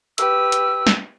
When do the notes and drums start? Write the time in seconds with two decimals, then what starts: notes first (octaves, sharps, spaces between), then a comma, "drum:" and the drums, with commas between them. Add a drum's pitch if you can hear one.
0.18 G4 B4 E6, drum: hi-hat
0.52 drum: hi-hat
0.87 drum: snare